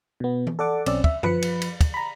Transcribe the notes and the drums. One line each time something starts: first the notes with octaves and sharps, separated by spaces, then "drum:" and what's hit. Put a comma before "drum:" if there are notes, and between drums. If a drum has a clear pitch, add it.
B2 B3
drum: tom E3
A4 D5 F#5 D6
B1 C4 C#4 D5 E6, drum: cymbal
E5, drum: kick
F3 B4 B5 C#7, drum: tom F#2
drum: cymbal
drum: cymbal
drum: kick, cymbal
A#5 B5